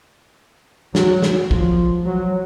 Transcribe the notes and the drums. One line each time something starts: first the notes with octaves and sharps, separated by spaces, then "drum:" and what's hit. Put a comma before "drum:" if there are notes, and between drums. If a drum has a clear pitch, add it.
F#3, drum: snare
drum: snare
F3, drum: kick
F#3